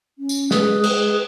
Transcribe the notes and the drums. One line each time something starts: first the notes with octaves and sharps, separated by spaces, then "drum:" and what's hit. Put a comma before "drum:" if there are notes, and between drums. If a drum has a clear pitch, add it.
C#4
drum: tambourine
G#3 G#4 B4, drum: snare
G#4 B4, drum: cymbal